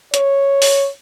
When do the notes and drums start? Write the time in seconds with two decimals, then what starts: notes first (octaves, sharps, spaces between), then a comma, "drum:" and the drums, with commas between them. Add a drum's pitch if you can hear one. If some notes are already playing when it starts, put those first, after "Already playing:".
0.14 C#5, drum: hi-hat
0.62 drum: open hi-hat